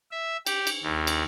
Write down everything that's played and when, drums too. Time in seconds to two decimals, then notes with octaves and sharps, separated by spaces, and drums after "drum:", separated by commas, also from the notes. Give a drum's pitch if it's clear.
0.11 E5
0.46 G4, drum: cymbal
0.67 drum: cymbal
0.83 D#2
1.07 drum: cymbal